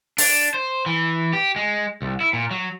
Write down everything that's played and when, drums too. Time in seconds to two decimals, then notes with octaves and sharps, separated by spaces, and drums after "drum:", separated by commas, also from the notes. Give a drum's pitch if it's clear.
0.18 D4, drum: open hi-hat
0.54 C5
0.86 E3
1.33 G4
1.56 G#3
2.02 C2
2.20 E4
2.33 A#2
2.51 F#3